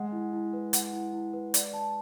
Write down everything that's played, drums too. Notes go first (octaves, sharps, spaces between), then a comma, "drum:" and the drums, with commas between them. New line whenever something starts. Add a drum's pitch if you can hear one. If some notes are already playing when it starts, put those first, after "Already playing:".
Already playing: G#3 F#5
E4
E4
B4
F#5, drum: hi-hat
E4
E4
B4
D5, drum: hi-hat
A5